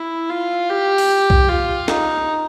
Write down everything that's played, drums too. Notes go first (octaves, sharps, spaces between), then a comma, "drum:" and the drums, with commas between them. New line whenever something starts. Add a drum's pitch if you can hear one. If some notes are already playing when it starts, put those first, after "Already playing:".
Already playing: E4
F4
G4
drum: open hi-hat
drum: kick
F4
D#4, drum: snare